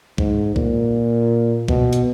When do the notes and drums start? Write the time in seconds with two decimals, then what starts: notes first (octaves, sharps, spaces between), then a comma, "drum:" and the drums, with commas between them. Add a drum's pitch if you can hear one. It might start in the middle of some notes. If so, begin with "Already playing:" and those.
0.18 G#2, drum: kick C2
0.56 A#2, drum: kick C2
1.68 B2, drum: kick C2
1.93 drum: hi-hat